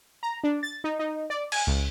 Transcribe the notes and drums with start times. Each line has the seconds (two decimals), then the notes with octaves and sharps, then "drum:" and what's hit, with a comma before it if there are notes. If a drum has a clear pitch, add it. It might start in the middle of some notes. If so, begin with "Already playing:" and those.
0.23 A#5
0.43 D4
0.63 A6
0.84 D#4
0.99 D#4
1.30 D5
1.52 G#5, drum: cymbal
1.67 C#2